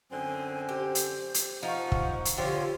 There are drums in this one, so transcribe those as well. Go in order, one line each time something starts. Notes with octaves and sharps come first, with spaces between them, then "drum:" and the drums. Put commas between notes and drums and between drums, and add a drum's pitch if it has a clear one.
F#2 D3 C4 G#5
G4 C5
drum: hi-hat
drum: hi-hat
F3 D#4 F#5 C#6
drum: kick
drum: hi-hat
D3 F3 F4 G4 C#5